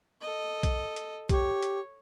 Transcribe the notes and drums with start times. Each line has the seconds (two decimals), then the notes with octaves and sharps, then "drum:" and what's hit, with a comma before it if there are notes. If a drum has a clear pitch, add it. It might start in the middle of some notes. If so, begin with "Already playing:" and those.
0.21 A4 D#5
0.63 drum: kick B1, hi-hat
0.96 drum: hi-hat
1.29 G4 C#5, drum: kick B1, hi-hat
1.62 drum: hi-hat